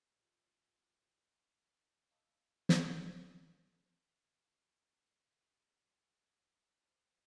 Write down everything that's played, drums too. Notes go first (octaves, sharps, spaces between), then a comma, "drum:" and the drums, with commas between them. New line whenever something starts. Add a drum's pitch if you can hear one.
E4 F4 G4 G#4 B4
D#5 F5 A5 B5 D#6 E6
drum: snare
B3 F4 G#4
C5